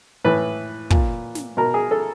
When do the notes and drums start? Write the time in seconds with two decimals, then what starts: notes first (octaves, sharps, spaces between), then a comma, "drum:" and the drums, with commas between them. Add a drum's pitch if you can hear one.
0.24 A2 E3 B4
0.90 A#2, drum: kick
1.35 drum: snare
1.57 B2 A#4
1.74 G#4
1.91 A4